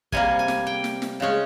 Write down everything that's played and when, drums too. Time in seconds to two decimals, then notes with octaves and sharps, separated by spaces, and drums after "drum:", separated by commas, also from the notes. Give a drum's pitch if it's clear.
0.12 C3 G3 A#3 G#5, drum: kick
0.39 G#5
0.48 drum: snare
0.67 G5
0.84 drum: snare
1.02 drum: snare
1.20 C#3 G#3 C#4